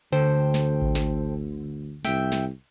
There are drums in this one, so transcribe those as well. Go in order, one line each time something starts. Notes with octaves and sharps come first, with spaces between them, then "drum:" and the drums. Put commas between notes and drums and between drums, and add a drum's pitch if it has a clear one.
D2 D3 A4 C5 G5
drum: snare
drum: kick A1
drum: snare
C2 E5 G5, drum: snare
drum: snare